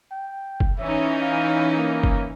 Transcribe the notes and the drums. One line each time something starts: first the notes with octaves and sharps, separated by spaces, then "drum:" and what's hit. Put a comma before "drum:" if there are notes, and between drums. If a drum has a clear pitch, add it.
G5
drum: kick F#1
E3 C#4 D#4 E5
F5
A#3
drum: kick F#1